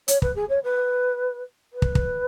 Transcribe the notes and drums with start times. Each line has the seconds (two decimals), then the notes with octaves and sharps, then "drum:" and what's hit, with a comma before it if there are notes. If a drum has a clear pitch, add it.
0.08 C#5, drum: hi-hat
0.22 B4, drum: kick
0.35 G#4
0.49 C#5
0.64 B4
1.73 B4
1.82 drum: kick
1.95 drum: kick